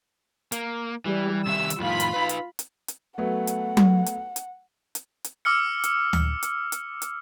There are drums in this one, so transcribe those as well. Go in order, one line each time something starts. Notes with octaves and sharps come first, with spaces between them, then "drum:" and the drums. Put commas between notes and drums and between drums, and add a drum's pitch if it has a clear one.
A#3, drum: hi-hat
E3 G3
C3 D#3 E5 E6
drum: hi-hat
F2 A2 D#3 F4 B5
drum: hi-hat
D#4 B4
drum: hi-hat
drum: hi-hat
drum: hi-hat
F#3 A3 B3 F#5
drum: hi-hat
drum: tom F#3
drum: hi-hat
drum: hi-hat
drum: hi-hat
drum: hi-hat
D6 E6 F6 C#7
drum: hi-hat
drum: tom D2
drum: hi-hat
drum: hi-hat
drum: hi-hat